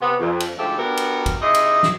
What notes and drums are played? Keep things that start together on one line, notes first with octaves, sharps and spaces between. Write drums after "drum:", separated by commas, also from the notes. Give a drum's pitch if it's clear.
C3 B3
F2
drum: cymbal
D2 G#2 F3 G4 A4 E5
B3 D4 F#4 G4 A#4
drum: cymbal
drum: kick, cymbal
C3 D#4 E4 G#4 D#5
drum: cymbal
drum: snare